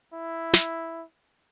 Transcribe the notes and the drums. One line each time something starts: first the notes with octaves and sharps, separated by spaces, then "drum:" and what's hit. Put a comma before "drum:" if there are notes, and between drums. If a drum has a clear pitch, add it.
E4
drum: snare